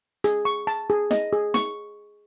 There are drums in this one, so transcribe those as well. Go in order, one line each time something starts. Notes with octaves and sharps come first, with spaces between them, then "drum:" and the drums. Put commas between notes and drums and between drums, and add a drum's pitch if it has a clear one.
G#4, drum: hi-hat
C#6
A5
G#4
D#5, drum: snare
G#4
C#6, drum: snare